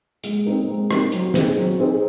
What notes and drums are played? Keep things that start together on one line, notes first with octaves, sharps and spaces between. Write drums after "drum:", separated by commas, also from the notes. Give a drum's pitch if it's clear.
G#3, drum: hi-hat
C4 D#4 A#4
G#3
C4 D#4 A#4, drum: rim click
F#3, drum: hi-hat
C4 D#4 G#4 C5, drum: snare
F#3
C4 D#4 G#4 C5